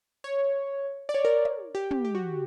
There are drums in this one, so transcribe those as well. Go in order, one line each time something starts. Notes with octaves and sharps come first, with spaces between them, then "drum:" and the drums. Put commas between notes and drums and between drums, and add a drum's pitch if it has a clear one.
C#5
D5
C#5
A#4
drum: tom
G4
drum: tom
G4
F#4